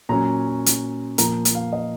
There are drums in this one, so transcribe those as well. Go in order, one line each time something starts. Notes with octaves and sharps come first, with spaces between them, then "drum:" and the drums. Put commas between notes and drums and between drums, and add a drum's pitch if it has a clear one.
A#2 F#3 C#4 A#5
drum: hi-hat
A#2 F3 A#3 A#5, drum: hi-hat
drum: hi-hat
F5
D#5